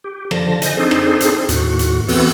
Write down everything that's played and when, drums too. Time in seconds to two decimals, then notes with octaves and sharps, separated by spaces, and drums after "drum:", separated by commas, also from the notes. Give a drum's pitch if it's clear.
0.04 G4
0.31 D3 F3 A5 A#6, drum: rim click
0.62 D#5 G#5 G6 A#6, drum: hi-hat
0.77 C4 D4 D#4 G#4 A4 C5
0.91 drum: rim click
1.20 drum: hi-hat
1.49 D#2 A2 F#4, drum: hi-hat
1.79 drum: hi-hat
2.08 E3 B3 C4 F#4 A4, drum: open hi-hat